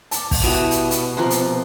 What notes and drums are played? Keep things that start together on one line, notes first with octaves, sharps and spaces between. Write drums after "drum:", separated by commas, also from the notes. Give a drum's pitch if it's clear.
A5 D6, drum: hi-hat
drum: kick, open hi-hat
B2 E4 F#4 G4 F7
drum: hi-hat
drum: hi-hat
C3 F3 A#4 A#5 C6 F#6
drum: hi-hat